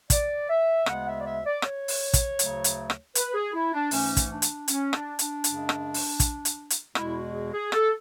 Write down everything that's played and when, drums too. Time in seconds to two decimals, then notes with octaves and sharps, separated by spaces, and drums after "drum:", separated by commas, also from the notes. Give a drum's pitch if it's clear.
0.10 D5, drum: kick, hi-hat
0.48 E5
0.86 D2 C#3 G#3 B3 F#5, drum: rim click
1.06 E5
1.17 D5
1.25 E5
1.44 D5
1.62 C#5, drum: rim click
1.88 drum: open hi-hat
2.14 drum: kick, hi-hat
2.39 D2 C#3 F#3 A3, drum: hi-hat
2.64 drum: hi-hat
2.90 drum: rim click
3.15 B4, drum: hi-hat
3.34 G#4
3.53 E4
3.73 D4
3.91 G#2 E3 A3 C#4, drum: open hi-hat
4.17 drum: kick, hi-hat
4.30 D4
4.42 drum: hi-hat
4.68 C#4, drum: hi-hat
4.93 D4, drum: rim click
5.19 D4, drum: hi-hat
5.44 F#2 C#3 G#3, drum: hi-hat
5.69 drum: rim click
5.94 drum: open hi-hat
6.20 drum: kick, hi-hat
6.45 drum: hi-hat
6.70 drum: hi-hat
6.95 E2 B2 G#3 E4, drum: rim click
7.15 F#4
7.33 G#4
7.53 G#4
7.72 A4, drum: rim click